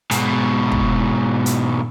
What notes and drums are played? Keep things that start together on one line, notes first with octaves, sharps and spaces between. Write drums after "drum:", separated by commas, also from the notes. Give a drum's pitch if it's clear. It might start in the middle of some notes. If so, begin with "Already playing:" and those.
G#2 B2, drum: hi-hat
drum: kick
drum: hi-hat